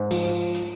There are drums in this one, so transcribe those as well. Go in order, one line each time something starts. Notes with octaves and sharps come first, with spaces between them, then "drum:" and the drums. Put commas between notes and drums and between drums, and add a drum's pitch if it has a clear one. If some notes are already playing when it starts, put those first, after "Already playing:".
Already playing: G#2
F3, drum: cymbal
drum: hi-hat